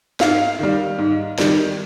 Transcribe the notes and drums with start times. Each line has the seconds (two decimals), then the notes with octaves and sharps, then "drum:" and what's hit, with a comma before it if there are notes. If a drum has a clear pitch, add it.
0.20 G#2 F5, drum: snare
0.59 D#3 G3
0.98 G#2
1.38 D#3 G3, drum: snare